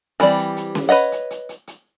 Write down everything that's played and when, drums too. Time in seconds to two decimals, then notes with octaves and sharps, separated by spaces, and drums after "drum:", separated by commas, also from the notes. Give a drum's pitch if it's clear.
0.20 E3 G3 C4 D5, drum: hi-hat
0.38 drum: hi-hat
0.57 drum: hi-hat
0.75 drum: snare C#4
0.89 B4 C#5 D#5 F#5
1.12 drum: hi-hat
1.31 drum: hi-hat
1.49 drum: hi-hat
1.67 drum: hi-hat